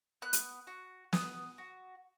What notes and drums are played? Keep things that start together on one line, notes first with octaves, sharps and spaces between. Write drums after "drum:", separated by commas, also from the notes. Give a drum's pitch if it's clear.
B3 F#6
drum: hi-hat
F#4
B3 D#6, drum: snare
F#4